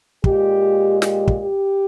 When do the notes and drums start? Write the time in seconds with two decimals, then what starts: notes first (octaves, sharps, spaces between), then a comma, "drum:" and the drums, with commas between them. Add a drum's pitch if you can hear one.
0.24 A#2 G#3 G4, drum: kick
1.02 G4, drum: snare
1.28 drum: kick
1.40 G4